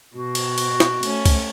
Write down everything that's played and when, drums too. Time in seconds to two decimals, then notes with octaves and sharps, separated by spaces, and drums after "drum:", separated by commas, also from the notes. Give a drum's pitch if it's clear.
0.16 B2 F#4
0.35 drum: cymbal
0.58 drum: cymbal
0.80 drum: snare
1.03 A3 C#4, drum: cymbal
1.26 drum: kick, cymbal